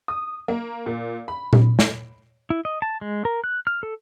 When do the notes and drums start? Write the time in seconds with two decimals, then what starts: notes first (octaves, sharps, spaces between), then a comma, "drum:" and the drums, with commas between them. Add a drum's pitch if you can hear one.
0.08 D#6
0.48 A#3
0.86 A#2
1.28 B5
1.53 drum: tom A#2
1.79 drum: snare
2.50 E4
2.65 D#5
2.82 A5
3.01 G#3
3.25 A#4
3.44 F#6
3.67 F6
3.83 A4